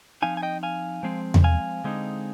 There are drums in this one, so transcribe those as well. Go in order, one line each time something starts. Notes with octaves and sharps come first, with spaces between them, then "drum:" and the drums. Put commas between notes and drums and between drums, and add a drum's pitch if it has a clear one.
F3 C4 D#4 F5 G#5
G#5
D#5 G5
F5 G#5
F3 G#3 C4
drum: tom E2
F5 G#5
D3 G#3 C4 D#4